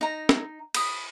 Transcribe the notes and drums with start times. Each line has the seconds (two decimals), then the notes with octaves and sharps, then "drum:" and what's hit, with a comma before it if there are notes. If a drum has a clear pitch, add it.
0.01 D#4 A#5
0.29 drum: snare
0.74 B5 D#6, drum: cymbal